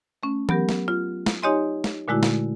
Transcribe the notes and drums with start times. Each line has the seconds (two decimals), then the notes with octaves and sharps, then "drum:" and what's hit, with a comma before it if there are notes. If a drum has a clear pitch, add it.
0.23 A3 C#4
0.49 F#3 B3 G4 A#4, drum: tom E3
0.69 drum: snare
0.88 F4
1.26 drum: snare
1.42 D#4 G4 C#5 D#5 G#5 C6
1.84 drum: snare
2.08 A#2 D3 G#3 A3 E4 F#4
2.23 drum: snare